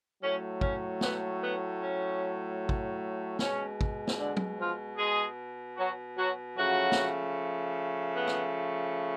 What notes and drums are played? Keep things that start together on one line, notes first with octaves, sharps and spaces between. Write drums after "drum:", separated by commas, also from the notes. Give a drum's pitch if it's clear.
A2 F#3 A3 C#4
C#4, drum: kick
B3, drum: snare
B3
C#4
drum: kick
B2 G#3 C#4, drum: snare
drum: kick
drum: snare
D3 D4
drum: tom
F3 F4
G#3 G#4
F#3 F#4
F#3 F#4
C#3 F3 F#3 A3 F#4
drum: snare
B3
drum: rim click